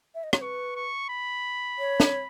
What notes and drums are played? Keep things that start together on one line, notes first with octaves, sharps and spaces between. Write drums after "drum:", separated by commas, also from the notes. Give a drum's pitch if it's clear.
E5
D#5
C#5, drum: rim click
B4 C#6
C#6
B5
C#5
drum: snare